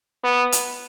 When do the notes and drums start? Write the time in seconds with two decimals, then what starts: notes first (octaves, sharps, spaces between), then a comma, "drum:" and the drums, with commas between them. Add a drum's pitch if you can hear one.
0.24 B3
0.52 drum: hi-hat